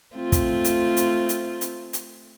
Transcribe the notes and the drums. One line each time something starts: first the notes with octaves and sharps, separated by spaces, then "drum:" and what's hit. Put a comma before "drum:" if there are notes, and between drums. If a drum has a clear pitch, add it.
A3 C4 F4
drum: kick, hi-hat
drum: hi-hat
drum: hi-hat
drum: hi-hat
drum: hi-hat
drum: hi-hat